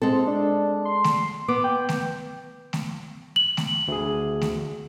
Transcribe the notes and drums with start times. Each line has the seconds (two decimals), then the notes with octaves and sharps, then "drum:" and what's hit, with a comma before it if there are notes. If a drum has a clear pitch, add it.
0.02 G#3 C4 A4
0.27 D4
0.85 C6
1.04 drum: snare A3
1.48 B3 D6
1.64 G5
1.89 drum: snare A3
2.73 drum: snare A3
3.36 F#7
3.57 drum: snare A3
3.88 D2 G#4
4.41 drum: snare A3